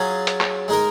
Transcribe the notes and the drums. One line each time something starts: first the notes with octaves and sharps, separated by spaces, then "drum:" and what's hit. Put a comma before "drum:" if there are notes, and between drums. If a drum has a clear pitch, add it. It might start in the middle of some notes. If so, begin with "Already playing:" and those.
Already playing: F#3 C#4 F4 G#4
drum: hi-hat
drum: clap
G#3 D#4 A#4